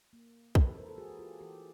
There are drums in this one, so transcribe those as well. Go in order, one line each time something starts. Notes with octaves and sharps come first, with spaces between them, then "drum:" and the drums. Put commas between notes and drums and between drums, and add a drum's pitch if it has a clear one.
A#3
E3 A4 B4, drum: kick
A#4 C5
A4
G#3 F#4 G#4
F4 G4
E3 G4 A4